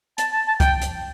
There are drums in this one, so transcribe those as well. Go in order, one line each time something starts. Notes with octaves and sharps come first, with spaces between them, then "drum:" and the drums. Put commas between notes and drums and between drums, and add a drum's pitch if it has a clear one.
A5, drum: hi-hat
A5
A5
G5, drum: kick, hi-hat
drum: hi-hat